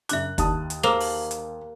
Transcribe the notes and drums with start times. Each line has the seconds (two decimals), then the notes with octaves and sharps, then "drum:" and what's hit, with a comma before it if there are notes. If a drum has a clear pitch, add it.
0.09 F#2 C#3 E5 D6 F#6, drum: hi-hat
0.38 D#2 A5 D#6, drum: kick, hi-hat
0.70 drum: hi-hat
0.83 A#3 G#4 A#4 C5
1.00 drum: open hi-hat
1.31 drum: hi-hat